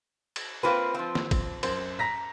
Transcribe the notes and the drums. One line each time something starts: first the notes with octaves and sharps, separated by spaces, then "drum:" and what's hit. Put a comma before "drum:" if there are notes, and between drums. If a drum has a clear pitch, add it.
drum: cymbal
A#3 C4 F4 B4
F3 C4
drum: snare
drum: kick, cymbal
F#2 C5, drum: cymbal
A#5 A#6 B6